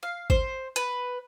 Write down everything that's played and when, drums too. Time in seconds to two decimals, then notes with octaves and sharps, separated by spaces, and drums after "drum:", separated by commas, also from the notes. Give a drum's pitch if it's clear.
0.03 F5
0.30 C5, drum: kick
0.76 B4, drum: hi-hat